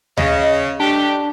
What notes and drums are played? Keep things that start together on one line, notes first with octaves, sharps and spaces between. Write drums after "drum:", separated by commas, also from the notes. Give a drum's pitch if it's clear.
C#3 D#5, drum: tom D2
A3 D4 G4